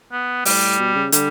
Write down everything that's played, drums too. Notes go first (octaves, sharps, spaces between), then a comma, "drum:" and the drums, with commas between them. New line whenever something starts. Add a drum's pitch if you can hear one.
B3
A2 G3, drum: open hi-hat
B2
C#3
D3 G3, drum: hi-hat